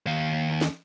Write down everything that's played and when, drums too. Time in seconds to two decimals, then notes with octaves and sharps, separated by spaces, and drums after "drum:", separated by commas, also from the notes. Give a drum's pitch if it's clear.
0.07 D#2 F5
0.61 drum: snare